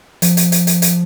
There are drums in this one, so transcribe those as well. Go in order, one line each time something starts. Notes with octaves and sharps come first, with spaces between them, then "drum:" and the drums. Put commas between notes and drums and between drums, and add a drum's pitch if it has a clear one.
F3, drum: hi-hat
drum: hi-hat
drum: hi-hat
drum: hi-hat
drum: hi-hat